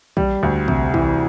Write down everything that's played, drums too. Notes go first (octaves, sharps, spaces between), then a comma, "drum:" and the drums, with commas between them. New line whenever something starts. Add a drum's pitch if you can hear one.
G3, drum: kick
D2
C3, drum: kick
E3, drum: kick